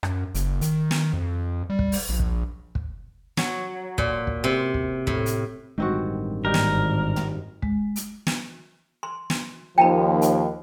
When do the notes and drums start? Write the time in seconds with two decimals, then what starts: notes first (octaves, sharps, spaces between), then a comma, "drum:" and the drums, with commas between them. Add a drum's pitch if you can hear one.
0.03 F#2, drum: rim click
0.35 F#1, drum: hi-hat
0.61 D#3, drum: hi-hat
0.91 drum: snare
1.13 F2
1.70 G3
1.79 drum: kick
1.92 drum: open hi-hat
2.09 A#1
2.19 drum: kick
2.75 drum: kick
3.37 F#3, drum: snare
3.98 A#2, drum: kick
4.27 drum: kick
4.44 C3
4.74 drum: kick
5.07 A2, drum: kick
5.26 drum: hi-hat
5.78 A1 G2 D#3 G#3 C4 F#4
6.45 G#1 G3 D#4 G4 A#4
6.54 drum: snare
7.16 drum: tom
7.62 G#3, drum: kick
7.96 drum: hi-hat
8.27 drum: snare
9.03 C6
9.30 drum: snare
9.78 D#2 F3 G5 A5 B5
10.22 drum: hi-hat